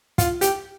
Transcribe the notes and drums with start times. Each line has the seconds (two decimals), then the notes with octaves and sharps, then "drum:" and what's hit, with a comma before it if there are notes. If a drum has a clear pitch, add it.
0.18 F4, drum: kick, hi-hat
0.41 G4, drum: hi-hat